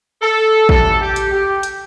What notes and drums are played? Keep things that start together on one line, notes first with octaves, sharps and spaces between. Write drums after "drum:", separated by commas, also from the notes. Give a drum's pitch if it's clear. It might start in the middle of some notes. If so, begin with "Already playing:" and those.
A4
A2 E3 G3 A4, drum: kick
G4
drum: hi-hat
G4
drum: hi-hat